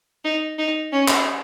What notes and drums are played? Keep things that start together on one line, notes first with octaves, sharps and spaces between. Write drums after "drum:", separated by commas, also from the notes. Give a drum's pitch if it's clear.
D#4
D#4
C#4
drum: clap